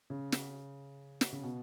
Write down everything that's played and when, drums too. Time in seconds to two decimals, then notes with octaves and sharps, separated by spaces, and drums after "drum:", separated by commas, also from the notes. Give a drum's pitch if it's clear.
0.10 C#3
0.32 drum: snare
1.21 drum: snare
1.33 C#3
1.43 B2